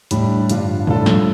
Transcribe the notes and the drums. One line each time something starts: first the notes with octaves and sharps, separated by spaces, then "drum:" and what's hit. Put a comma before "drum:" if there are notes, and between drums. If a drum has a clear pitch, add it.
A2 G3 D4 G4, drum: hi-hat
G2 D3 G3 D4 F4, drum: hi-hat
A2 G3 D4 F4 A4, drum: tom
drum: snare